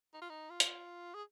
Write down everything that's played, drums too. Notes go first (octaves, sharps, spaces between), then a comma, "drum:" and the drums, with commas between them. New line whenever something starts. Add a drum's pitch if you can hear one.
D#4
F4
D#4
F4
drum: hi-hat
G#4